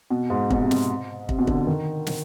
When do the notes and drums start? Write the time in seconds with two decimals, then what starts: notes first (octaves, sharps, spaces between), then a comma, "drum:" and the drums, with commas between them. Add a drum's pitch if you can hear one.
0.10 B2
0.30 G#2
0.50 B2, drum: kick
0.60 C3
0.71 B2, drum: snare
1.29 C3, drum: kick
1.39 B2
1.47 D3, drum: kick
1.67 D#3
2.07 drum: snare